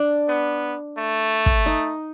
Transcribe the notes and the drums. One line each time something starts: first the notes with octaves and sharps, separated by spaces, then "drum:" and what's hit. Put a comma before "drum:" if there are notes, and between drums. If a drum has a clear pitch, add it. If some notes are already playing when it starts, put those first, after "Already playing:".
Already playing: D4
B3
A3
drum: kick
D#4